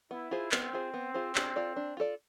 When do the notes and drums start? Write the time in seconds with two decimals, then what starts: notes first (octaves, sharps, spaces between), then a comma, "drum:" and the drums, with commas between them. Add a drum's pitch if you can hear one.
0.11 B3 E4
0.31 F4 G#4 C5
0.52 B3 C4, drum: clap
0.73 F4 G#4 C5
0.94 B3
1.14 F4 G#4 C5
1.35 D4, drum: clap
1.56 F4 A4 D5
1.76 D4
1.97 F4 A4 D5